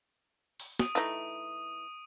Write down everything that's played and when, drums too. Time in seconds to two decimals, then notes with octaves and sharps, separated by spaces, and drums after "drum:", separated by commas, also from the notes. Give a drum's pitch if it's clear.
0.60 drum: open hi-hat
0.79 D#6 D7 D#7, drum: snare
0.95 E3 A3 D#4